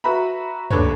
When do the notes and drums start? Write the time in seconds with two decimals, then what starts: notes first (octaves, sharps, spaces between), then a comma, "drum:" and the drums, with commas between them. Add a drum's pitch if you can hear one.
0.04 F#4 B4 E5 A#5 B5
0.71 D#2 D4 A4 B4 C#5, drum: tom